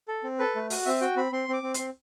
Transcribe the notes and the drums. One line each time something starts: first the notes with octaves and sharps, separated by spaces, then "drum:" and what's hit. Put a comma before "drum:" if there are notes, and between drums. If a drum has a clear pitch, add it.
A4
C4
A4 B4
A3
F#4, drum: open hi-hat
C4 E5
F#4 G5
C4 B5
C4 C6
C4 D6
C4
C4 C6, drum: hi-hat